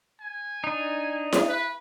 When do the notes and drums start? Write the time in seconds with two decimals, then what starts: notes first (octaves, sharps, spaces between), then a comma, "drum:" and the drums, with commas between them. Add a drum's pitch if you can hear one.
0.20 G#5
0.64 D4 D#4
1.33 drum: snare E4
1.49 B4